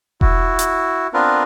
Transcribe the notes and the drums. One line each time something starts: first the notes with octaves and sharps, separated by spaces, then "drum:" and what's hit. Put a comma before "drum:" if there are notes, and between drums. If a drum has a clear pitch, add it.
E4 F#4, drum: kick E1
drum: hi-hat
B3 C4 D4 F4 A#4 B4